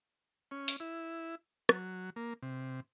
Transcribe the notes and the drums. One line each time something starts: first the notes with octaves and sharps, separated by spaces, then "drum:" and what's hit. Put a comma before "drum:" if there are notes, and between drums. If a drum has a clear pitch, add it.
C#4
drum: open hi-hat
E4
F#3, drum: rim click
A#3
C3